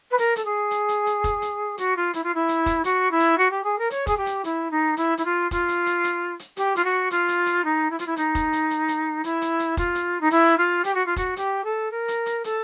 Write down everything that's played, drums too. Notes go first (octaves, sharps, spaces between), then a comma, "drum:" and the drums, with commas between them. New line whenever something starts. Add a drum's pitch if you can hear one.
B4
A#4, drum: hi-hat
A4, drum: hi-hat
G#4
drum: hi-hat
drum: hi-hat
drum: hi-hat
drum: kick F1, hi-hat
drum: hi-hat
F#4, drum: hi-hat
F4
E4, drum: hi-hat
F4
E4
drum: hi-hat
drum: kick F1, hi-hat
F#4, drum: hi-hat
E4
drum: hi-hat
F#4
G4
G#4
A#4
C#5, drum: hi-hat
G#4, drum: kick F1, hi-hat
G4
drum: hi-hat
E4, drum: hi-hat
D#4
E4, drum: hi-hat
E4, drum: hi-hat
F4
F4, drum: kick F1, hi-hat
drum: hi-hat
drum: hi-hat
drum: hi-hat
drum: hi-hat
G4, drum: hi-hat
F4, drum: hi-hat
F#4
F4, drum: hi-hat
drum: hi-hat
drum: hi-hat
D#4
E4
F4, drum: hi-hat
E4
D#4, drum: hi-hat
drum: kick F1, hi-hat
drum: hi-hat
drum: hi-hat
drum: hi-hat
E4, drum: hi-hat
drum: hi-hat
drum: hi-hat
F4, drum: kick F1, hi-hat
drum: hi-hat
D#4
E4, drum: hi-hat
F4
G4, drum: hi-hat
F#4
F4
F#4, drum: kick F1, hi-hat
G4, drum: hi-hat
A4
A#4
drum: hi-hat
drum: hi-hat
A4, drum: hi-hat